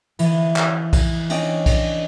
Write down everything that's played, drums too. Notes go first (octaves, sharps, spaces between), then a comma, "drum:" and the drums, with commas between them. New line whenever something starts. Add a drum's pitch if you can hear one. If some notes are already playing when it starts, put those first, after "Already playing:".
E3, drum: cymbal
drum: clap
drum: kick B1, cymbal
C#4 D4 D5 D#5 G5, drum: cymbal
drum: kick B1, cymbal